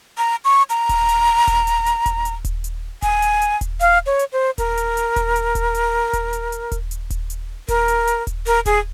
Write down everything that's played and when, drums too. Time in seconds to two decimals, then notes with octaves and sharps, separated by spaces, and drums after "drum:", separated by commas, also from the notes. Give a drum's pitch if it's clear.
0.18 A#5
0.45 C#6
0.70 A#5, drum: hi-hat
0.89 drum: kick D#1, hi-hat
1.09 drum: hi-hat
1.47 drum: kick D#1, hi-hat
1.67 drum: hi-hat
1.86 drum: hi-hat
2.06 drum: kick D#1, hi-hat
2.25 drum: hi-hat
2.45 drum: kick D#1, hi-hat
2.64 drum: hi-hat
3.02 G#5, drum: kick D#1, hi-hat
3.22 drum: hi-hat
3.42 drum: hi-hat
3.61 drum: kick D#1, hi-hat
3.81 F5, drum: hi-hat
4.06 C#5
4.19 drum: hi-hat
4.32 C5
4.58 A#4, drum: kick D#1, hi-hat
4.77 drum: hi-hat
4.97 drum: hi-hat
5.16 drum: kick D#1, hi-hat
5.36 drum: hi-hat
5.55 drum: kick D#1, hi-hat
5.75 drum: hi-hat
6.13 drum: kick D#1, hi-hat
6.33 drum: hi-hat
6.52 drum: hi-hat
6.72 drum: kick D#1, hi-hat
6.91 drum: hi-hat
7.10 drum: kick D#1, hi-hat
7.30 drum: hi-hat
7.68 A#4, drum: kick D#1, hi-hat
7.88 drum: hi-hat
8.07 drum: hi-hat
8.27 drum: kick D#1, hi-hat
8.46 A#4, drum: hi-hat
8.66 G#4, drum: kick D#1, hi-hat